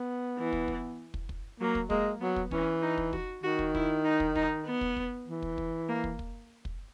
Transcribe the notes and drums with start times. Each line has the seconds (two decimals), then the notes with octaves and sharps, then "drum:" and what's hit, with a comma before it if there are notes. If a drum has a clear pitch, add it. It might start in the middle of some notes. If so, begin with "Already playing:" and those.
Already playing: B3
0.38 E3
0.53 drum: kick
0.68 drum: kick
1.14 drum: kick
1.29 drum: kick
1.60 F#3 A#3
1.75 drum: kick
1.90 G#3 A#3, drum: kick
2.21 F#3 B3
2.36 drum: kick
2.51 E3 C#4, drum: kick
2.82 D#4
2.98 drum: kick
3.13 F#4, drum: kick
3.43 D#3 F#4
3.59 drum: kick
3.75 E4, drum: kick
4.05 D#4
4.20 drum: kick
4.35 D#4, drum: kick
4.66 B3
4.81 drum: kick
4.97 drum: kick
5.28 E3
5.42 drum: kick
5.58 drum: kick
5.88 A#3
6.04 drum: kick
6.19 drum: kick
6.65 drum: kick